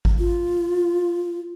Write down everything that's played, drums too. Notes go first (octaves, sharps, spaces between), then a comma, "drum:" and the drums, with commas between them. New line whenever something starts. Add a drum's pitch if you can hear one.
drum: kick G#1
F4